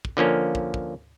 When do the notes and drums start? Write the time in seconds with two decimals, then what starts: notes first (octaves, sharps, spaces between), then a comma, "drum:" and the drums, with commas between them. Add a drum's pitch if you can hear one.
0.05 drum: kick
0.17 D3 F3 A#3 C#4
0.55 drum: kick
0.74 drum: kick